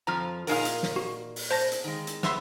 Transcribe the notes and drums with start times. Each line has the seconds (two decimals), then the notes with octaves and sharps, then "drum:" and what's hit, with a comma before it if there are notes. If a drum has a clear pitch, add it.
0.07 F2 F3 A#5 F6
0.47 A#2 D#4 F4 G#4 A#4 F5, drum: open hi-hat
0.65 drum: hi-hat
0.83 drum: snare
0.96 F#4
1.36 drum: open hi-hat
1.51 C#3 C5 A5 A#6
1.72 drum: hi-hat
1.84 D#3 G#3
2.07 drum: hi-hat
2.23 B3 E5 C6, drum: snare